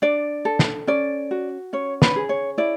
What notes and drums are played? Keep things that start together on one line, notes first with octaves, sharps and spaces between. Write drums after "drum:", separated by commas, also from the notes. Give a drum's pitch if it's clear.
D4 D5
A4
drum: snare
C#4 D5
F#4
C#4 C#5
B4, drum: snare
G#4
C#5
E4 D5